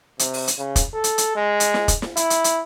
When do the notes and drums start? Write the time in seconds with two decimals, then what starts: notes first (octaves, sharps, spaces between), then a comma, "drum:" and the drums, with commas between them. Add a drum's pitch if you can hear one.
0.19 C3, drum: hi-hat
0.33 drum: open hi-hat
0.48 drum: hi-hat
0.58 C#3
0.76 drum: kick, hi-hat
0.94 A4
1.04 drum: hi-hat
1.18 drum: hi-hat
1.36 G#3
1.60 drum: hi-hat
1.74 drum: snare
1.88 drum: kick, hi-hat
2.02 drum: snare
2.17 E4, drum: hi-hat
2.30 drum: hi-hat
2.44 drum: hi-hat